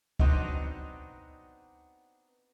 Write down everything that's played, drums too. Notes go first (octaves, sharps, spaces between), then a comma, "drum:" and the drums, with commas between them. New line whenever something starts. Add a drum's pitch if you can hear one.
B3 C4 D4 D#4 F#4 D#5, drum: kick C#2